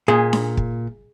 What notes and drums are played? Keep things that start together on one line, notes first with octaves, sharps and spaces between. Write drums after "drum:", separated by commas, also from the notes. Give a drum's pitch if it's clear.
A#2 G#4
drum: snare D4
drum: kick